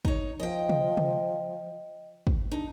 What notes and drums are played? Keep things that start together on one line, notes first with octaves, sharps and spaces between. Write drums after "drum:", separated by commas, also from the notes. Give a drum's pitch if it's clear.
D#4 C#5, drum: kick
F3 D#5 G5
drum: tom
drum: tom
drum: kick
D4 D#4